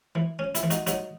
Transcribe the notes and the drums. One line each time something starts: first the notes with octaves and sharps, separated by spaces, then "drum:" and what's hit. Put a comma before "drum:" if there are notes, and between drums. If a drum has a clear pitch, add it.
E3
C#4
E4, drum: hi-hat
E3
D#4 F#4, drum: hi-hat
F#3 D#4 F#4, drum: hi-hat